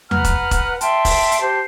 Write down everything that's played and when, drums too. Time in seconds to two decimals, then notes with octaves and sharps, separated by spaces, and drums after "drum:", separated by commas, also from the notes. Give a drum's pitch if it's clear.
0.11 B4 F#5 A#5 F6, drum: tom E2
0.24 drum: kick E1, hi-hat
0.51 drum: kick E1, hi-hat
0.81 E5 G5 A5 C6, drum: hi-hat
1.05 drum: kick E1, open hi-hat
1.32 drum: hi-hat
1.41 G4 C5 A5